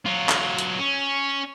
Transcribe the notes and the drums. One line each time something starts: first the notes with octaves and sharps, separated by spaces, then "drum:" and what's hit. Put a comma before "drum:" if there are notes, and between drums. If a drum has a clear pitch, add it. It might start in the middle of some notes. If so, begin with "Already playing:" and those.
F#3 F4
drum: clap
drum: hi-hat
C#4